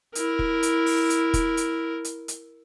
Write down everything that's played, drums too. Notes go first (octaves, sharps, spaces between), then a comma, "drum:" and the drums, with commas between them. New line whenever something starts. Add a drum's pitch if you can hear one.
E4 A#4, drum: hi-hat
drum: kick
drum: hi-hat
drum: open hi-hat
drum: hi-hat
drum: kick, hi-hat
drum: hi-hat
drum: hi-hat
drum: hi-hat